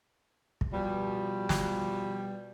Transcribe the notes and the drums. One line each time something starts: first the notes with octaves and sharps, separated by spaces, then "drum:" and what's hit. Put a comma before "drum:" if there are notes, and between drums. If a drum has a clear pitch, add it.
drum: kick
B2 F3 G3
drum: snare